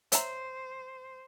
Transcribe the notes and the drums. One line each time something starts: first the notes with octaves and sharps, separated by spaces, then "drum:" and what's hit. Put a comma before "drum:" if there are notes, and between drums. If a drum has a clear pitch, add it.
C5 C#5 E5 A#5, drum: hi-hat